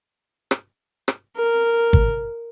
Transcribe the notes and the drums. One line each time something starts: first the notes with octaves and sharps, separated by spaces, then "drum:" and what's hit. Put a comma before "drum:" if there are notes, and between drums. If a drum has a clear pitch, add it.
drum: rim click
drum: rim click
A#4
drum: kick